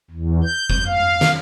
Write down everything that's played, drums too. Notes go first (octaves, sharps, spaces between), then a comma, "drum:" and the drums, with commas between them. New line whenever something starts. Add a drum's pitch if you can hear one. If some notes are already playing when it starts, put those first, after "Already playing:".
E2
G6
drum: kick F#1
F5
drum: snare